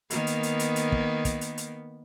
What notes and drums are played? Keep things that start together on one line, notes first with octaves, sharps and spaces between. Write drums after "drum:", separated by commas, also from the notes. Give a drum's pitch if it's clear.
D#3 A#3 B3, drum: hi-hat
drum: hi-hat
drum: hi-hat
drum: hi-hat
drum: hi-hat
drum: kick
drum: kick, hi-hat
drum: hi-hat
drum: hi-hat